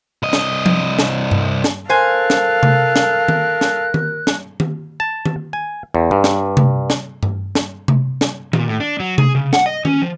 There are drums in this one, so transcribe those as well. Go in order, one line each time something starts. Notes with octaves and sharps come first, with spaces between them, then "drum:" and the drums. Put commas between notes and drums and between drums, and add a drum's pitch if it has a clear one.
C2 D#5
drum: snare
drum: tom F3
drum: snare
drum: tom G2
drum: snare
A4 A#4 C5 F5 G#5 F#6
drum: snare
drum: tom C3
drum: snare
drum: tom D#3
drum: snare
drum: tom D#3
drum: snare
drum: tom D#3
A5
drum: tom D#3
G#5
E2
G2
drum: snare
drum: tom C3
drum: snare
drum: tom G2
drum: snare
drum: tom C3
drum: snare
A#2, drum: tom D#3
A2
D4
F#3
G#4, drum: tom C3
C#3
F#5, drum: snare
D#5
C#4, drum: tom D#3
F3